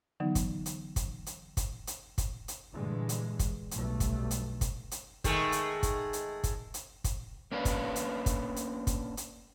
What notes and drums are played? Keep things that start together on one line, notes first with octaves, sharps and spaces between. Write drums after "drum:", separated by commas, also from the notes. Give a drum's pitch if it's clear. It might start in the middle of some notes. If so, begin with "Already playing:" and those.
D3 E3 F#3 B3 D#4
drum: kick, hi-hat
drum: hi-hat
drum: kick, hi-hat
drum: hi-hat
drum: kick, hi-hat
drum: hi-hat
drum: kick, hi-hat
drum: hi-hat
G2 A#2 D3 E3 G#3
drum: hi-hat
drum: kick, hi-hat
B1 G2 A3, drum: hi-hat
drum: kick, hi-hat
drum: hi-hat
drum: kick, hi-hat
drum: hi-hat
D#3 G#3 A3, drum: kick, hi-hat
drum: hi-hat
drum: kick, hi-hat
drum: hi-hat
drum: kick, hi-hat
drum: hi-hat
drum: kick, hi-hat
A#3 C#4 D4 B4 F5
drum: kick, hi-hat
drum: hi-hat
drum: kick, hi-hat
drum: hi-hat
drum: kick, hi-hat
drum: hi-hat